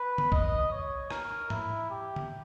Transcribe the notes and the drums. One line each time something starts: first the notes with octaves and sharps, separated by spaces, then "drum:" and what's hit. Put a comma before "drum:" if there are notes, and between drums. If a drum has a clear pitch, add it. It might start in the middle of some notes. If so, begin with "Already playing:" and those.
Already playing: B4
drum: tom
D#5, drum: kick B1
C#5
A#4, drum: rim click
E4, drum: tom G#2
G4
drum: tom